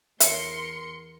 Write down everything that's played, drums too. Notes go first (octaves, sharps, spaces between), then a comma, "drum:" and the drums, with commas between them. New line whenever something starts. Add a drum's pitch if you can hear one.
E2 A#4 C#5 E5 C6 C7 C#7, drum: hi-hat